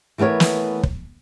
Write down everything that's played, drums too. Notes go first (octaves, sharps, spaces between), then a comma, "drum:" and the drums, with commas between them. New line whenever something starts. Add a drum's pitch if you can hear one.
E3 A3 B3 A#4 C#5
drum: snare
drum: kick